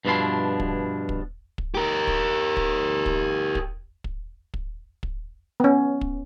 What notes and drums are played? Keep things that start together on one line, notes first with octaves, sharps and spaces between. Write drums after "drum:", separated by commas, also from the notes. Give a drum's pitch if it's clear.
G2 B2 F3 D4 E4 C6
drum: kick
drum: kick
drum: kick
G4 A#4
drum: kick
drum: kick
drum: kick
drum: kick
drum: kick
drum: kick
drum: kick
B3 C#4
drum: kick